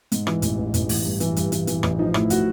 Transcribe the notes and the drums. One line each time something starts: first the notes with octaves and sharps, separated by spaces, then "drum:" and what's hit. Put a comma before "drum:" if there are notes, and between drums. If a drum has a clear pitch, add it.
G#2, drum: hi-hat
E3, drum: rim click
A1, drum: hi-hat
A1
A1, drum: hi-hat
A1, drum: open hi-hat
G2
E3, drum: hi-hat
G2, drum: hi-hat
E3, drum: hi-hat
E3, drum: hi-hat
A1, drum: rim click
F3 D#4
A2 E4, drum: rim click
A2 F#4, drum: hi-hat